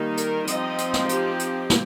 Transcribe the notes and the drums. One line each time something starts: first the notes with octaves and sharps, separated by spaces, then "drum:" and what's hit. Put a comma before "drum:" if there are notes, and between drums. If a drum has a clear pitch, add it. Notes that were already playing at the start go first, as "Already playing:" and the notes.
Already playing: D#3 G3 A#3 D#4
A#4, drum: hi-hat
F3 C4 D#4 D#5, drum: hi-hat
drum: hi-hat
drum: snare
G4, drum: hi-hat
drum: hi-hat
drum: snare